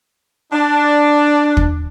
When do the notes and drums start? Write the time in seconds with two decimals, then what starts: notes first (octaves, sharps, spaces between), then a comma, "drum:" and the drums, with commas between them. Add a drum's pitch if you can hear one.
0.53 D4
1.57 drum: kick